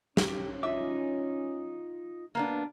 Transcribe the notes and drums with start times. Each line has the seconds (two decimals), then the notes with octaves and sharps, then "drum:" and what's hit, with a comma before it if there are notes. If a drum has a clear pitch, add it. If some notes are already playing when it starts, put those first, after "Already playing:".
0.17 C#4 G4, drum: snare
0.63 D#4 F4 E5 D6
2.35 G2 B2 D3 A#3 B3 D4